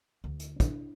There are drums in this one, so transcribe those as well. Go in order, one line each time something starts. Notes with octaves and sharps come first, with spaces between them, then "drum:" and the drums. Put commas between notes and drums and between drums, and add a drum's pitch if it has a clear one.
D2
drum: hi-hat
D4 E4, drum: kick, hi-hat